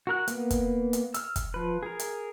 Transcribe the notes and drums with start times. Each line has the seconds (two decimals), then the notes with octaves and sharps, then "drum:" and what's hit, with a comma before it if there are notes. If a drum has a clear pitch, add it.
0.07 F#4 A#4 F#6
0.28 A#3 B3, drum: hi-hat
0.51 drum: kick, hi-hat
0.93 drum: hi-hat
1.14 E6 F6, drum: hi-hat
1.36 drum: kick, hi-hat
1.54 F3 B4
1.83 G#4 A#4
1.99 drum: hi-hat